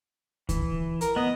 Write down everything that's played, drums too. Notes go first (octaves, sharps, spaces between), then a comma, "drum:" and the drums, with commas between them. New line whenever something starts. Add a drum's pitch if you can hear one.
E3, drum: kick C#2, hi-hat
A#4, drum: hi-hat
B3 D#5